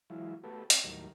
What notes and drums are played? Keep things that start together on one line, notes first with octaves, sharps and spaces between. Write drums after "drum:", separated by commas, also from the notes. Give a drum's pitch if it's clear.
E3 F#3 G#3 E4 F4
A3 B3 F#4 G4 A4 B4
C4 C#5 G5 G#5 D6, drum: hi-hat
D#2 A2 D#3 F#3 G3 A#4